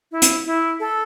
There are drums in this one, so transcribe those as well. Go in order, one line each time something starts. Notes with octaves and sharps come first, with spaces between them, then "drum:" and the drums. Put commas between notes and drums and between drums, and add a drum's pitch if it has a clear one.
E4
drum: hi-hat
E4
A4